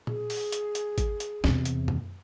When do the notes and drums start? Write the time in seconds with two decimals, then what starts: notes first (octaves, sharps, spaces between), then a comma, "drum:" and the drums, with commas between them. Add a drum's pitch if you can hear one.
0.07 G#4, drum: tom A#2
0.30 drum: open hi-hat
0.52 drum: hi-hat
0.75 drum: hi-hat
0.98 drum: kick G#1, hi-hat
1.20 drum: hi-hat
1.44 E2 C3, drum: snare
1.65 drum: hi-hat
1.88 drum: tom F#2